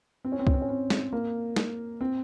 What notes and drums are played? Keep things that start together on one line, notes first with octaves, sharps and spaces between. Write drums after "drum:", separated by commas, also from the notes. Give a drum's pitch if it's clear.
C4
C#4
C4
C#4, drum: kick C2
C4
C#4
C4
drum: snare
A#3
drum: snare
C4